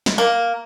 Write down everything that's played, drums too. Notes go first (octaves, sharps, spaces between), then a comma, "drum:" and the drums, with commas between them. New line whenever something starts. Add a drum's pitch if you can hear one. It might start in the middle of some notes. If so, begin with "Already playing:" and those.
drum: snare
A#3